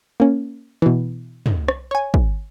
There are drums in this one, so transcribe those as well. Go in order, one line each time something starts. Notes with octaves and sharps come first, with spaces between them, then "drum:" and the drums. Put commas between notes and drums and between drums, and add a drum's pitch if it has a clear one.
A#3 C#4
B2 E3
drum: tom
drum: rim click
C#5 G#5
drum: kick